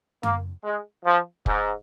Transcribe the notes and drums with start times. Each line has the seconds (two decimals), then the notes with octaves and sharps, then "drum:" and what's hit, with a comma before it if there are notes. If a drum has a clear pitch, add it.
0.23 A#3, drum: tom F#2
0.64 G#3
1.05 F3
1.46 G#2, drum: kick